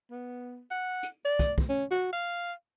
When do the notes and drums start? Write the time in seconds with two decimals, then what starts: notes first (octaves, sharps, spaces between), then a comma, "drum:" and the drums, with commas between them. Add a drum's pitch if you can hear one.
0.11 B3
0.71 F#5
1.03 drum: hi-hat
1.25 D5
1.39 drum: kick, hi-hat
1.58 drum: kick
1.69 C#4
1.91 F#4
2.13 F5